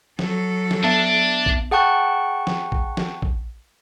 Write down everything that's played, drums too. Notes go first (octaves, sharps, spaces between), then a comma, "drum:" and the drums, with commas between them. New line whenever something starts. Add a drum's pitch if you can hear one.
F#3 A4, drum: snare
drum: snare
B3 D4 E5 A5
drum: kick
G#4 F#5 G5 A5 C#6 F#6
drum: snare
drum: kick
drum: snare
drum: kick